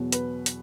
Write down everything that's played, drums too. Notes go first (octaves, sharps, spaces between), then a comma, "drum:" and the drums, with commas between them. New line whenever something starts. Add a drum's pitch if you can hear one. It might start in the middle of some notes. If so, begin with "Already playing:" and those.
Already playing: E2 B2 F#3
B4, drum: hi-hat
drum: hi-hat